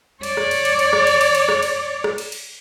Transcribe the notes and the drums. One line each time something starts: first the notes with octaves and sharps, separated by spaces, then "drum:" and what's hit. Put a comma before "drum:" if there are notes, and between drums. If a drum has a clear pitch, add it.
C#5 D5, drum: cymbal
drum: rim click
drum: cymbal
drum: cymbal
drum: cymbal
drum: rim click
drum: cymbal
drum: cymbal
drum: cymbal
drum: rim click
drum: cymbal
drum: rim click
drum: cymbal
drum: cymbal